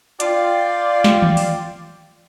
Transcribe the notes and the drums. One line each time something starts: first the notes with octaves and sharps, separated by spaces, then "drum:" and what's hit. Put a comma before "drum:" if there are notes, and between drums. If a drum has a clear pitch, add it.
F4 D5 G5, drum: hi-hat
drum: snare
drum: tom D#3
drum: open hi-hat